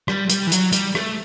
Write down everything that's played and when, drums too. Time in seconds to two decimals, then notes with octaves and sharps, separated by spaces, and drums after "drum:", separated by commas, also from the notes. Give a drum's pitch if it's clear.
0.08 G3, drum: rim click
0.30 G3, drum: hi-hat
0.47 E3
0.52 F#3, drum: hi-hat
0.73 G3, drum: hi-hat
0.95 A3, drum: rim click